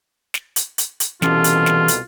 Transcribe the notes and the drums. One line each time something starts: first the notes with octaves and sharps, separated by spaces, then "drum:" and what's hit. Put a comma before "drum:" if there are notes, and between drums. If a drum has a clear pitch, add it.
drum: snare
drum: hi-hat
drum: hi-hat
drum: hi-hat
C2 B2 E3 C#4 F4 G4 A4, drum: snare
drum: hi-hat
drum: snare
drum: hi-hat